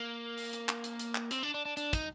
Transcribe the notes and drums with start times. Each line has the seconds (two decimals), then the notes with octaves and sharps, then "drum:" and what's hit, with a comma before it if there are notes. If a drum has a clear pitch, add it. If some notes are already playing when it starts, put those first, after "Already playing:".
Already playing: A#3
0.38 drum: open hi-hat
0.53 drum: hi-hat
0.69 drum: clap
0.84 drum: hi-hat
1.00 drum: hi-hat
1.15 drum: clap
1.31 C4, drum: hi-hat
1.43 D4
1.54 D4
1.65 D4
1.77 D4, drum: hi-hat
1.93 D#4, drum: kick, hi-hat